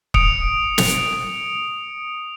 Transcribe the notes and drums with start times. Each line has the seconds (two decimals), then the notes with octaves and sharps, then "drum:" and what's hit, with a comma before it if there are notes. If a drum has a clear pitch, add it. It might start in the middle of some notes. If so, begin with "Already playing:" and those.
0.14 D#6 C#7 D7 F7, drum: kick C#1
0.78 drum: snare